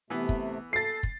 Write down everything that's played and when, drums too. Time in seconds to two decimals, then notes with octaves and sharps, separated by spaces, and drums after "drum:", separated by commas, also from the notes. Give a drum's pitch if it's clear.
0.10 C3 E3 A3 B3
0.29 drum: kick
0.73 A4 A6 C7
1.03 drum: kick